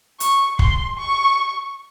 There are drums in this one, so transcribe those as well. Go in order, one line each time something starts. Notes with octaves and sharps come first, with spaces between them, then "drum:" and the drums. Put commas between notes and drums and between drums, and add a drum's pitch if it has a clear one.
C#6, drum: hi-hat
C6, drum: kick
C#6